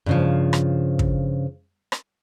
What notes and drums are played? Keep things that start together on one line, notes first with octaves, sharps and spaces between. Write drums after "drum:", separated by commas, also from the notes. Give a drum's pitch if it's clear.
G2 C#3 F3
drum: rim click
drum: kick
drum: rim click